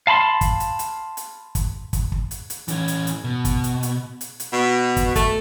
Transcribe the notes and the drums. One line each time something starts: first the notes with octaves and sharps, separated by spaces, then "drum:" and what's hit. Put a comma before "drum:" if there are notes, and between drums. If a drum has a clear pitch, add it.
F5 A5 B5 C6
drum: kick, hi-hat
drum: hi-hat
drum: hi-hat
drum: hi-hat
drum: kick, hi-hat
drum: kick, hi-hat
drum: kick
drum: hi-hat
drum: hi-hat
E3 C#4, drum: hi-hat
drum: hi-hat
drum: hi-hat
B2
drum: kick, hi-hat
drum: hi-hat
drum: hi-hat
drum: hi-hat
drum: hi-hat
B2
drum: kick, hi-hat
A3, drum: kick, hi-hat